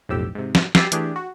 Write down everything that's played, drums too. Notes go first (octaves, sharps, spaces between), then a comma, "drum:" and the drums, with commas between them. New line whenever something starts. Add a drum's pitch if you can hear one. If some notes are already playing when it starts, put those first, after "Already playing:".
B1 F2 A2 G4 E6
G#2 C3
drum: snare
G4 G#5 E6 A6 B6 C7, drum: snare
E3 A3 D4 G4 G#4, drum: hi-hat
F#4